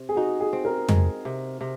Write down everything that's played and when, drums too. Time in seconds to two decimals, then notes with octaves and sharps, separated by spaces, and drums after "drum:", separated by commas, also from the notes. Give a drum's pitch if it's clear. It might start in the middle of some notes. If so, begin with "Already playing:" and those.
Already playing: C3
0.09 G#4
0.16 D#4 F#4
0.40 G#4
0.53 C4
0.65 A#4
0.89 G#3, drum: tom
1.25 C3
1.61 C3